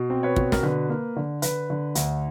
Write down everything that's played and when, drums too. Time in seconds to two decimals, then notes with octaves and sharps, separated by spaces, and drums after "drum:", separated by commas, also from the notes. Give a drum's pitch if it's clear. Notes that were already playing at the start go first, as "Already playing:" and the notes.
Already playing: B2
0.10 C4
0.23 B4 C#5
0.36 B2, drum: kick
0.52 A#4, drum: snare
0.63 D3 B4
0.90 A#3
1.16 D3
1.42 D3 B4, drum: hi-hat
1.70 D3
1.95 D2, drum: hi-hat